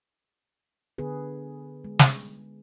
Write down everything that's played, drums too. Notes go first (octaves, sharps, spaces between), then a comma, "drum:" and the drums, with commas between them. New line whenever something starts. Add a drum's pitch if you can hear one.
D3 B3 G#4 B4
G#3
drum: snare